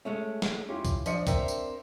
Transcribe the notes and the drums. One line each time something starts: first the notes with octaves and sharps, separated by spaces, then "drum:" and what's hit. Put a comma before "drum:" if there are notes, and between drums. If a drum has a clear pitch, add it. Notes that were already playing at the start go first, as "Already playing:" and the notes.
G#3 A3 C#4 E5
drum: snare
C#4 E4 F4 G4
drum: kick, tambourine
F3 D4 D#5 C#7, drum: tambourine
C4 D4 A#4 C5 E5 G5, drum: kick, tambourine
drum: tambourine